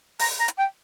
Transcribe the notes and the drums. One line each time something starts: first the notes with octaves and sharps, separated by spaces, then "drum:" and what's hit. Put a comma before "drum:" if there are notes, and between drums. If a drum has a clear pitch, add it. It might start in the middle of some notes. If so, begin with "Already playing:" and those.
A#5, drum: open hi-hat
A#5
drum: hi-hat
G5